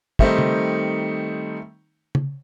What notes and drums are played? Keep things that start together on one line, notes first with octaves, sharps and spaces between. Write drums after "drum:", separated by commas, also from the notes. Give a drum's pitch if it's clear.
D#3 G3 A3 C4 D#4, drum: kick
drum: tom C#3
drum: tom C#3